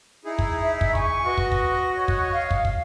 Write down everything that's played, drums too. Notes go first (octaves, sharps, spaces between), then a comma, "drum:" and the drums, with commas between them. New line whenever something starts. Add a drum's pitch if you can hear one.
D#4 E4 G#4
drum: kick
E5
drum: kick
G#5 C#6, drum: kick
F#4 B4 D#5
drum: kick
drum: kick
C#5
drum: kick
F5
drum: kick
drum: kick